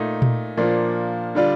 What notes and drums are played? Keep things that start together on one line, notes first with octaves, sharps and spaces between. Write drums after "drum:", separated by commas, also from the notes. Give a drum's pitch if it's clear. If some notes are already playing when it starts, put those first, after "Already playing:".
Already playing: A#2 A3 D#4
drum: tom A#2
A#2 F3 A#3 D4
D3 G3 D4 F4